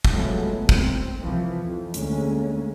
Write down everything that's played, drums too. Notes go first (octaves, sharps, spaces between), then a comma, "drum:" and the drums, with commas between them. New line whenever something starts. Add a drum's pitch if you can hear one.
drum: kick
C3 F3 F#3 G#3 A3 B3
C4, drum: kick
C2 E3 F3
F2
D2 G#3 A#3 C#4, drum: hi-hat